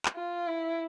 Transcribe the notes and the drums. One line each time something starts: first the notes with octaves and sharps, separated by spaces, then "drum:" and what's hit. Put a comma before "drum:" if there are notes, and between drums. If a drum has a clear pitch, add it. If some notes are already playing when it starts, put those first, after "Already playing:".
drum: clap
F4
E4